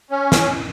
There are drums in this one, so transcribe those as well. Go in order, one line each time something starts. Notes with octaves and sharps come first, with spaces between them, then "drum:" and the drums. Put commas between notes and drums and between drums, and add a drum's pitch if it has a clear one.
C#4
drum: snare